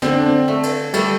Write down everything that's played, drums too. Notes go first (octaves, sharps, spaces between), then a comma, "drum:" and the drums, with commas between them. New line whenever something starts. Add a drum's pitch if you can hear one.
D3 C4, drum: snare
D4
C4
A3
drum: cymbal
G3 A3, drum: cymbal